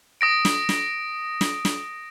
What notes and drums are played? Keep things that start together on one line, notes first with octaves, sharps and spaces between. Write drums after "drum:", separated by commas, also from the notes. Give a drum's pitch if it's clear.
D#6 A#6 D7
drum: snare
drum: snare
drum: snare
drum: snare